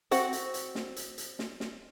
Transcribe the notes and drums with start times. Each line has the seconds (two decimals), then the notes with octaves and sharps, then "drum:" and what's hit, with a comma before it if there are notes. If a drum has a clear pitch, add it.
0.11 C4 F#4 F#5, drum: hi-hat
0.33 drum: hi-hat
0.54 drum: hi-hat
0.75 drum: snare
0.96 drum: hi-hat
1.18 drum: hi-hat
1.39 drum: snare
1.60 drum: snare